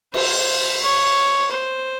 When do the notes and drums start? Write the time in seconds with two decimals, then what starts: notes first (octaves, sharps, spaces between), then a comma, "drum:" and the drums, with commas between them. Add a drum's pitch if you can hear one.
0.14 C5, drum: cymbal
0.82 C#5
1.51 C5